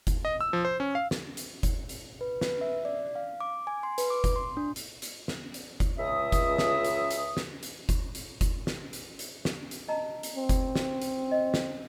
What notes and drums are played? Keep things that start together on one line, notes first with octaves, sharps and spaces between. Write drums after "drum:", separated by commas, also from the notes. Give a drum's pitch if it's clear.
drum: kick F#1, hi-hat
D#5
E6
F3
C5
C#4
F5
drum: snare
drum: hi-hat
drum: kick F#1, hi-hat
drum: hi-hat
B4
B4, drum: snare
E5
D5
F5
D6
G#5
C6
B4, drum: hi-hat
D6
drum: kick F#1, hi-hat
C6
D4
drum: hi-hat
drum: hi-hat
drum: snare
drum: hi-hat
drum: kick F#1, hi-hat
C#2 E5 D#6
drum: kick F#1, hi-hat
drum: snare
drum: hi-hat
drum: hi-hat
drum: snare
drum: hi-hat
drum: kick F#1, hi-hat
drum: hi-hat
drum: kick F#1, hi-hat
drum: snare
drum: hi-hat
drum: hi-hat
drum: snare
drum: hi-hat
D#5 A5 A#5
drum: hi-hat
C4
drum: kick F#1, hi-hat
drum: snare
drum: hi-hat
D#5
drum: snare